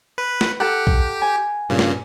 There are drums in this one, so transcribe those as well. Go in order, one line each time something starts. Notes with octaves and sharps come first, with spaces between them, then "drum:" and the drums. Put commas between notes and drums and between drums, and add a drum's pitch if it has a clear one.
B4
drum: snare
G4 A4 F#5
drum: kick
G#5
G2 A#2 C#3
drum: snare